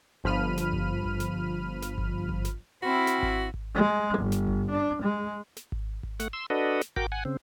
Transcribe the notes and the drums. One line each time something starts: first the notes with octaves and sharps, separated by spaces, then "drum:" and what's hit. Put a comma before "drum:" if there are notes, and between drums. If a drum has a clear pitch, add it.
G1 F3 B5 F6 D#7
drum: snare
drum: kick G#1
drum: kick G#1
drum: snare
drum: snare
drum: kick G#1
drum: kick G#1
drum: snare
C4 E4 F#4 G5 B5 F6
drum: snare
drum: kick G#1
drum: kick G#1
G#3
G1
drum: snare
drum: kick G#1
D4
G#3
drum: snare
drum: kick G#1
drum: kick G#1
A3 F#5, drum: snare
C6 E6
D4 F#4 A4 B4 D#5
drum: snare
F#4 A#4 G5 D6, drum: kick G#1
F#5 G#5
C#3 C4